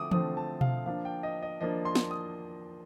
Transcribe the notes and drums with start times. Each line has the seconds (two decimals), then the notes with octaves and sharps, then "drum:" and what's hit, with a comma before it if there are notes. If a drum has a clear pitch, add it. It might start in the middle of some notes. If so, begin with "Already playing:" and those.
Already playing: D3 F3 A3 C4 D6 D#6
0.11 D3 F3 A3 C4 D#6, drum: tom E3
0.37 A5
0.61 F5, drum: tom B2
0.86 F3 A#3 D4 F5
1.05 G5
1.23 D#5
1.42 D#5
1.61 F3 A#3 D4 D#5
1.85 C6
1.95 drum: snare
2.11 D#6